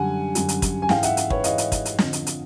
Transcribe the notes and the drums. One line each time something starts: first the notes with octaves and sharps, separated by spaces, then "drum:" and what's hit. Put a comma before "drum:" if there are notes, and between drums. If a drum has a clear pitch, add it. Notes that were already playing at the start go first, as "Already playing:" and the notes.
Already playing: F#2 D3 G3 F#5 G#5
F#2 D3 G3, drum: hi-hat
drum: hi-hat
drum: kick, hi-hat
G#5
G#2 E3 G#3 F5 G5, drum: snare
E5 F#5, drum: hi-hat
drum: hi-hat
B4 C#5, drum: kick
G#2 E3 G#3 D#5 F5, drum: hi-hat
drum: hi-hat
drum: kick, hi-hat
drum: hi-hat
F2 D3 F3, drum: snare
drum: hi-hat
drum: hi-hat